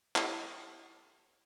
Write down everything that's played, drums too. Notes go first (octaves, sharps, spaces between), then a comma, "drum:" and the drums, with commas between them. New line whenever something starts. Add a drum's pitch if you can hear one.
E4 G4 A4 C#5 D#5 E5, drum: clap